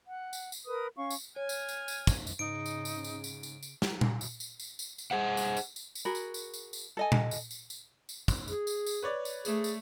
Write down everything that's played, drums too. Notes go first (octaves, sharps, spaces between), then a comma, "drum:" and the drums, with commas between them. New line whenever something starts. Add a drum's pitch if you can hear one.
F#5
drum: tambourine
drum: tambourine
A#4 B4 D#6
C#4 F5 C#6
drum: tambourine
C#5 G#5 F6
drum: tambourine
drum: tambourine
drum: tambourine
drum: kick, tambourine
drum: tambourine
G#2 C#3 D#4 D7
drum: tambourine
drum: tambourine
drum: tambourine
drum: tambourine
drum: tambourine
drum: tambourine
drum: snare
drum: tom A#2
drum: tambourine
drum: tambourine
drum: tambourine
drum: tambourine
drum: tambourine
G#4 C5 F#5
drum: tambourine
drum: tambourine
drum: tambourine
drum: tambourine
F#4 G#4 A#4 B5
drum: tambourine
drum: tambourine
drum: tambourine
drum: tambourine
A4 D#5 G#5
drum: tom A#2
drum: tambourine
drum: tambourine
drum: tambourine
drum: tambourine
drum: kick, tambourine
G#4, drum: tambourine
drum: tambourine
drum: tambourine
B4 C#5 D5
drum: tambourine
A3 G#4, drum: tambourine
drum: tambourine